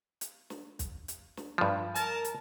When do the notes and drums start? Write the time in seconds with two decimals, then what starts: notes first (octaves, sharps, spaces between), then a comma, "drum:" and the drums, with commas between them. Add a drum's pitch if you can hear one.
0.21 drum: hi-hat
0.50 drum: snare
0.79 drum: kick, hi-hat
1.08 drum: hi-hat
1.37 drum: snare
1.58 G2 F3
1.95 A#4 A5, drum: hi-hat
2.24 drum: hi-hat